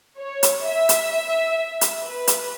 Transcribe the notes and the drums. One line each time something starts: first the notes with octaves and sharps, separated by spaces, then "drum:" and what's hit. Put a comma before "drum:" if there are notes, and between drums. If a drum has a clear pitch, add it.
C#5
drum: hi-hat
E5
drum: hi-hat
drum: hi-hat
B4
drum: hi-hat